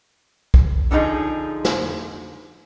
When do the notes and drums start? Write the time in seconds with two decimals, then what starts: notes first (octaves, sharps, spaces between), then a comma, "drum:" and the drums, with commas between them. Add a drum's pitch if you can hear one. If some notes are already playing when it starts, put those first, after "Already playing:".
0.54 drum: kick
0.91 D3 F3 C4 D#4 G#4
1.65 drum: snare